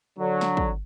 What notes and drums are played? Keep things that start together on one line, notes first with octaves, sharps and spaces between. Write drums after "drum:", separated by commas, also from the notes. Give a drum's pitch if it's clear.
D3 F#3
drum: snare
drum: kick